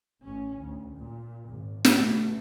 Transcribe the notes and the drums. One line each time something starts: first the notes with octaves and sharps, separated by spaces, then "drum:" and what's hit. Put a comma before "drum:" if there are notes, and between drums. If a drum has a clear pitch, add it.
A1 C#4
D2
A#2
G#1
drum: snare
A#2 C#3 A3 B3